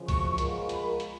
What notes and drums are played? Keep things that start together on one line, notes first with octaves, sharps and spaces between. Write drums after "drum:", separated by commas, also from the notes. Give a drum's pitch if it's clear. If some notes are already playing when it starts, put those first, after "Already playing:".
Already playing: F#2 C#3 F3
C#6, drum: kick, hi-hat
F3 G#3 B3 F4 A#4, drum: hi-hat
B5, drum: hi-hat
drum: hi-hat